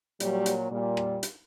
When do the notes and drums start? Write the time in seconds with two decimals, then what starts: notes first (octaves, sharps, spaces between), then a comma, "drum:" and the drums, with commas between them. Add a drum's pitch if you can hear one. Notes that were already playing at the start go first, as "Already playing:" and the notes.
0.20 A#2 F#3 G3, drum: hi-hat
0.46 drum: hi-hat
0.71 A#2 G3
0.97 drum: rim click
1.23 drum: hi-hat